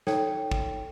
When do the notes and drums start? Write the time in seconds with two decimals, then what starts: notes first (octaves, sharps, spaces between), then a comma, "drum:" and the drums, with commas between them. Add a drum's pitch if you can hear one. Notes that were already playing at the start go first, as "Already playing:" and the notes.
0.07 D#4 A4 C#5 G5, drum: snare
0.52 drum: kick